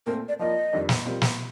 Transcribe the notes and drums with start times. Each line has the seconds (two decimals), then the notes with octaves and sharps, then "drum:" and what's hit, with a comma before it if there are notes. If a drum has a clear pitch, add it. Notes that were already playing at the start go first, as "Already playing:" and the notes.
0.07 A#2 A3 C4 A#4
0.29 D5
0.39 F3 A#3 F4 A#4 D5 D#5
0.73 F2 D#3 G3 D4
0.89 drum: snare
1.05 G3 C4 F4 A#4
1.22 drum: snare